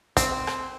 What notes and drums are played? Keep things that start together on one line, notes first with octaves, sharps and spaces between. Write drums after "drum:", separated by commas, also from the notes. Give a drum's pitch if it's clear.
C4, drum: kick, hi-hat
drum: rim click